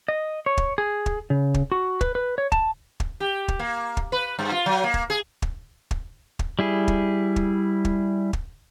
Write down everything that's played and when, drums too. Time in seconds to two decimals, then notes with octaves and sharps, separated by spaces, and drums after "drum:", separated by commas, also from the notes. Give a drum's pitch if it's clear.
0.08 D#5
0.46 C#5
0.57 drum: kick
0.78 G#4
1.06 drum: kick
1.30 C#3
1.54 drum: kick
1.72 F#4
2.01 B4, drum: kick
2.15 B4
2.38 C#5
2.52 A5, drum: kick
3.00 drum: kick
3.20 G4
3.48 drum: kick
3.59 A#3
3.97 drum: kick
4.12 B4
4.39 G2
4.52 F4
4.66 F#3
4.84 A#3
4.94 drum: kick
5.10 G#4
5.42 drum: kick
5.91 drum: kick
6.39 drum: kick
6.59 G3 E4 G#4
6.88 drum: kick
7.36 drum: kick
7.85 drum: kick
8.33 drum: kick